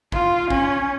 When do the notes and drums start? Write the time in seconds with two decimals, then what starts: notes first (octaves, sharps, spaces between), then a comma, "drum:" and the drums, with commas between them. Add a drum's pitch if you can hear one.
0.12 F4, drum: kick
0.50 C#4, drum: kick